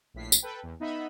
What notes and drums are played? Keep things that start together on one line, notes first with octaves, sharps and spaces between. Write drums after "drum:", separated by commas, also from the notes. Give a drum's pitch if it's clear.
A#1 A2 B6 C7
drum: tambourine
A4 B4 G5
E2
B3 D#4 D#5 E5 B5